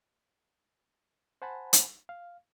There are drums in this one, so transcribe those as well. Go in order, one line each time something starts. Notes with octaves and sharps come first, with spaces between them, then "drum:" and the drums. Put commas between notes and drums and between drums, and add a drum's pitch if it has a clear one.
C5 F#5 G#5 A5 B5
drum: hi-hat
F5